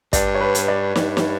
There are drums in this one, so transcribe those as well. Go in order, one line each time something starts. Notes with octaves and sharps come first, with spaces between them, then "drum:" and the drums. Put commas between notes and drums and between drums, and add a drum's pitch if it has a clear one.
G2 D5, drum: kick, hi-hat
C#5
B4
drum: hi-hat
D5
G2, drum: snare
drum: snare